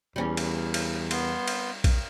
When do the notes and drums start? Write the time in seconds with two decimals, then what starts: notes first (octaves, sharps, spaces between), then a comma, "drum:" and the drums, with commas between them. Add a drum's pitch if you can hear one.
0.16 E2 G3 C#4
0.37 drum: cymbal
0.74 drum: cymbal
1.11 B3 C6, drum: cymbal
1.48 drum: cymbal
1.84 drum: kick A#1, cymbal